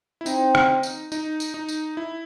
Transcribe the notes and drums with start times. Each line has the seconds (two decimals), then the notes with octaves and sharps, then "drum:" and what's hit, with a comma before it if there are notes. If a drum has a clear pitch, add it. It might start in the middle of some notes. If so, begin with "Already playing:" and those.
0.21 E4
0.26 C4 D#4, drum: tambourine
0.55 drum: rim click
0.83 drum: tambourine
1.12 D#4, drum: tambourine
1.40 drum: tambourine
1.54 D#4
1.68 drum: tambourine
1.97 E4